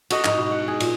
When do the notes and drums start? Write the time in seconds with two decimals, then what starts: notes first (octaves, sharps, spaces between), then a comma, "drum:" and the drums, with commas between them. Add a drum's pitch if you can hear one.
0.10 F#4 A4 D#5, drum: cymbal
0.24 G#2 D#4, drum: clap
0.38 B2
0.51 F#5
0.68 G#4
0.80 A#2, drum: cymbal